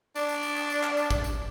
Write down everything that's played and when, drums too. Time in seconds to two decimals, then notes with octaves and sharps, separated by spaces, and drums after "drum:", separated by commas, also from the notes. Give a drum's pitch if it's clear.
0.15 D4, drum: tambourine
0.29 drum: tambourine
0.43 drum: tambourine
0.56 drum: tambourine
0.70 drum: tambourine
0.83 drum: clap
0.97 drum: tambourine
1.11 drum: kick, tambourine
1.24 drum: tambourine